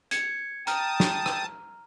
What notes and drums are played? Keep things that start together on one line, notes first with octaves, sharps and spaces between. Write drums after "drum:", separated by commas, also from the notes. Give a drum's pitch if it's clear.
G#6 C#7, drum: hi-hat
G5 A5 A#5 D#6 F6, drum: hi-hat
drum: snare
drum: rim click